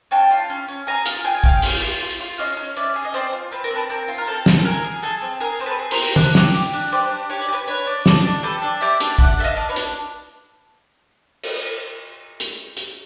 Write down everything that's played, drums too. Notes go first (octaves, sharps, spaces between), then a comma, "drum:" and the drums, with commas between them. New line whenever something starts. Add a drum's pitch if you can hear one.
C#4 G5 A5
F4
C#4
C#4
G#4 G#5 A#5
F4, drum: hi-hat
G#4 G5
G#5
C#4 F5 G5, drum: kick
F4, drum: open hi-hat
F4
F4
F4
C#4 D#5 F5
C#4
C#4 D5 E5
G#4
D#5
C4 C5 D5
F4
C4 B4
A#4
C4 A4 B4
C4 A#4
F4
A#4, drum: tambourine
C4 A4
C4, drum: snare
A4
G#4 A#4
G#4
G#4 A4
C4
G#4 A#4
C4 C5
A4 B4
G#4
A#4 C5, drum: open hi-hat
C4
D4, drum: tom
G4, drum: snare
G4
D4
G4 C5 D5
D4
G4 C#5
D5
G4
B4 C#5
D4 B4 C#5
D4
D4, drum: snare
D4
G4 A4 B4
D4
G4 D5 E5
D4, drum: hi-hat
D4 E5 F#5, drum: kick
A4 E5
D#5 F5
D4
B4 C#5
D4, drum: hi-hat
drum: cymbal
drum: hi-hat
drum: hi-hat